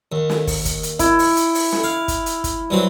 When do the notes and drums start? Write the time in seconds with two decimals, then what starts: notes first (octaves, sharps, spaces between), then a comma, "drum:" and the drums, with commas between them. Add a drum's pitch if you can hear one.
0.12 D#2
0.30 drum: snare
0.47 drum: kick, open hi-hat
0.65 drum: kick, hi-hat
0.83 drum: hi-hat
0.99 E4, drum: kick, hi-hat
1.19 drum: open hi-hat
1.37 drum: hi-hat
1.55 drum: open hi-hat
1.72 drum: snare
1.84 F5
2.08 drum: kick, hi-hat
2.26 drum: hi-hat
2.44 drum: kick, hi-hat
2.70 G2 F#3 C4